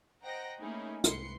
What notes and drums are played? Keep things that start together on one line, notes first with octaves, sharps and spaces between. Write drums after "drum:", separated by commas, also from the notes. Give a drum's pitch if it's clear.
C5 D#5 F#5 G5 A#5 A#6
A3 A#3 C#4 D#4 E4 G#4
C2 G#2 B4 C6 C#7, drum: hi-hat